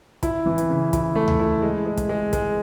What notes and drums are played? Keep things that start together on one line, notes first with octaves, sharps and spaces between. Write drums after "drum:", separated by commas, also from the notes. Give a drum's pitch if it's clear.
E4, drum: kick, hi-hat
E3
drum: hi-hat
C#3
E4, drum: kick, hi-hat
A3
drum: tom D2
E4
G#3
G#3
drum: kick, hi-hat
G#3
G#3, drum: kick, hi-hat